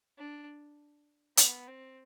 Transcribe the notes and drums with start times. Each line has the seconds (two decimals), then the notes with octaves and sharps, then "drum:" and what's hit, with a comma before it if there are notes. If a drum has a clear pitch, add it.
0.18 D4
1.37 B3, drum: hi-hat
1.67 C4